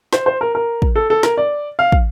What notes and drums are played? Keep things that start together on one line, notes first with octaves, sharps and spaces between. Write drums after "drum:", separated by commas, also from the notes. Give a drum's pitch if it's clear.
C5, drum: snare
C5
A#4
A#4
drum: kick
A4
A4
A#4, drum: snare
D5
F5
drum: kick